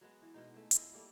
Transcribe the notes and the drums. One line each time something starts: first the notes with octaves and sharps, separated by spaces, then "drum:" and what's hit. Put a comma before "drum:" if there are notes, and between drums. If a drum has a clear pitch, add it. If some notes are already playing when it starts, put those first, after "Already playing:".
F#3 G#3 B3 F#4
E3
B2 G#3 D#4
A3 G#4
E4 F4 D#5, drum: hi-hat
G3 A#3 A4